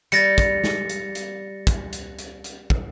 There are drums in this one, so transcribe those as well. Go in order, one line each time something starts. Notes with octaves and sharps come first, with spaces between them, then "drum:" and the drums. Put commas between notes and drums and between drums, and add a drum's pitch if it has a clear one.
G3 A6 A#6 C#7, drum: hi-hat
drum: kick, hi-hat
drum: snare
drum: hi-hat
drum: hi-hat
drum: kick, hi-hat
drum: hi-hat
drum: hi-hat
drum: hi-hat
drum: kick